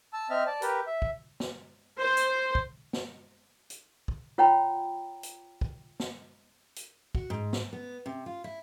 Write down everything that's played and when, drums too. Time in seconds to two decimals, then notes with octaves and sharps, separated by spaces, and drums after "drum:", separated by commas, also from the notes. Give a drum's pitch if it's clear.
0.13 A5 E6
0.30 C4 D#5 E5 F6
0.47 D5 A5
0.62 G4 A#4 B4, drum: hi-hat
0.87 E5
1.02 drum: kick
1.40 drum: snare
1.98 C5
2.17 drum: hi-hat
2.55 drum: kick
2.93 drum: snare
3.70 drum: hi-hat
4.08 drum: kick
4.38 F4 C#5 F#5 G5 A#5 B5
5.23 drum: hi-hat
5.61 drum: kick
6.00 drum: snare
6.76 drum: hi-hat
7.15 F#4, drum: kick
7.30 G#2
7.53 drum: snare
7.73 B3
8.06 C3
8.26 F4
8.44 E4